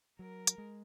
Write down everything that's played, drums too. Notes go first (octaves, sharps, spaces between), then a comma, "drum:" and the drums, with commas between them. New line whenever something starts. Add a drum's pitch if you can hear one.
F#3 A#4
drum: hi-hat
G#3